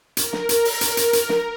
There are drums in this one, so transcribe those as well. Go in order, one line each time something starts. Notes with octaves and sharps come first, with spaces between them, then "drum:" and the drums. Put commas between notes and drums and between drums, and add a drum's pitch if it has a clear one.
A#4, drum: hi-hat
drum: snare
drum: hi-hat
drum: open hi-hat
drum: hi-hat
drum: hi-hat
drum: hi-hat
drum: snare